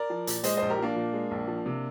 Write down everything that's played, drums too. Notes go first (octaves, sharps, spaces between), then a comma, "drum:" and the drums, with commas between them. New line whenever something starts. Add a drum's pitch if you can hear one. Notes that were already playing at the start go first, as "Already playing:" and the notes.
Already playing: A#4 D5
F3
A#2, drum: hi-hat
G#3 C5 D#5, drum: hi-hat
A#1 C5 D#5
G4 A#4
F3 A#3 D4
A#2
G#3
A#1
F3
C3